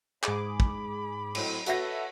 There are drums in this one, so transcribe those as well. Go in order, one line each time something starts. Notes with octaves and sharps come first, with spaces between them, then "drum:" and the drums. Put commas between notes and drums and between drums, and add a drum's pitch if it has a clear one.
G#2 G#4 B5 D6, drum: clap
drum: kick
A2 F#3 C4, drum: cymbal
F#4 A4 B4 C#5 E5 A#6, drum: hi-hat